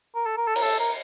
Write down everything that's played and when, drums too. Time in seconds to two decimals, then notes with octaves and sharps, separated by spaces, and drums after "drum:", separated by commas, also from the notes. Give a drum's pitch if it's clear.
0.15 A#4
0.26 A4
0.37 A#4
0.47 A4
0.56 A#4, drum: cymbal
0.63 A4
0.80 A#4